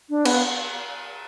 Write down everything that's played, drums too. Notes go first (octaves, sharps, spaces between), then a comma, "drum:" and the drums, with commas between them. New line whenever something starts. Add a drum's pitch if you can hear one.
D4
B3, drum: cymbal